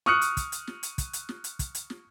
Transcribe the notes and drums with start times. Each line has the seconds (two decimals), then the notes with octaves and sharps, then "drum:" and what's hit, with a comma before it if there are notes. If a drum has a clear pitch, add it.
0.06 C#6 D#6 F6 F#6 C#7, drum: snare
0.22 drum: hi-hat
0.37 drum: kick, hi-hat
0.52 drum: hi-hat
0.67 drum: snare
0.83 drum: hi-hat
0.98 drum: kick, hi-hat
1.13 drum: hi-hat
1.29 drum: snare
1.44 drum: hi-hat
1.59 drum: kick, hi-hat
1.75 drum: hi-hat
1.90 drum: snare